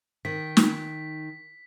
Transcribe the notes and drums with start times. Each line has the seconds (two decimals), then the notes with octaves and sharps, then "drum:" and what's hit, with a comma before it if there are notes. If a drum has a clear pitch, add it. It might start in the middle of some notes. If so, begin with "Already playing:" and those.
0.25 D#3 B6
0.57 drum: snare